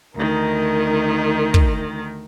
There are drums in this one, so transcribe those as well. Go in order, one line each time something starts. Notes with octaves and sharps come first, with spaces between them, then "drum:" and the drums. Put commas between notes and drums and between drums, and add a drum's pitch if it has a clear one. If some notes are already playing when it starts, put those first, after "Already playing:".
D2 D#3 D#4 A#4
drum: kick